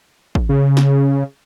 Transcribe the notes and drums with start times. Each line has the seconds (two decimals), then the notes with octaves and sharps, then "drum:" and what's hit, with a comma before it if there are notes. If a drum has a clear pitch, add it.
0.35 drum: kick
0.49 C#3
0.77 drum: snare